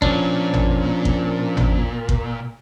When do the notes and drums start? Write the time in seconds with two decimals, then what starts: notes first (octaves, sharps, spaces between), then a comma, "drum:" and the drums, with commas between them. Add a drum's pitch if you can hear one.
0.02 A#2 F3 C#4 D4, drum: kick G1
0.54 drum: tom G#1
1.05 drum: kick G1
1.57 drum: tom G#1
2.09 drum: kick G1